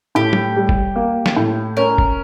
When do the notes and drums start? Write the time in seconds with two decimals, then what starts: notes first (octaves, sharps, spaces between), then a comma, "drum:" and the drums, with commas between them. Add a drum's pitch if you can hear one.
0.15 A2 G4
0.33 drum: tom
0.56 G3
0.69 drum: kick F#1
0.96 A#3
1.26 drum: snare
1.37 A2
1.77 C#4 A#4
1.98 drum: kick F#1